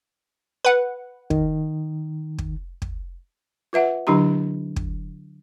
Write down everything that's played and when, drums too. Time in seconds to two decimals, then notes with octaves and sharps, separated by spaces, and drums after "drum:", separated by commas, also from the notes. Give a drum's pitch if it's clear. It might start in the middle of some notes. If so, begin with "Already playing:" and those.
0.65 B4 F#5
1.30 D#3, drum: kick
2.38 drum: kick
2.82 drum: kick
3.73 F4 B4 E5 F#5
4.07 D3 F#3 D4 E4 G4 A#5
4.76 drum: kick